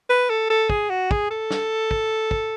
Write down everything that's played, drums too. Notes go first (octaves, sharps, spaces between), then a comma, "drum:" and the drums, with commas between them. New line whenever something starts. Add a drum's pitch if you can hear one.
B4
A4
A4
G#4, drum: kick
F#4
G#4, drum: kick
A4
drum: snare
drum: kick
drum: kick